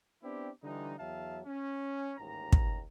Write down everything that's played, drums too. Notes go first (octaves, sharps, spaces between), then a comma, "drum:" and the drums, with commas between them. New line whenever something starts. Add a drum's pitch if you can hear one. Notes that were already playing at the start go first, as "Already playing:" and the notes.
B3 C4 D4 E4 G4
D3 E3 G3 D#4
E2 F#3 E5 F5 A5
C#4
A1 D#2 G#2 A#5
drum: kick